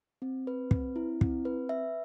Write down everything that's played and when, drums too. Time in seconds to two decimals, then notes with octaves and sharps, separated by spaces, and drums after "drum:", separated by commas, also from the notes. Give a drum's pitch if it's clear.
0.22 C4
0.47 B4
0.71 C4, drum: kick
0.96 E4
1.21 C4, drum: kick
1.45 B4
1.69 E5